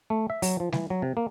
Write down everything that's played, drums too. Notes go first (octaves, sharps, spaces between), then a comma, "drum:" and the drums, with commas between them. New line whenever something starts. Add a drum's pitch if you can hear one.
A3
E5
F#3, drum: open hi-hat
F3
E3, drum: snare
F#3
C3
A#3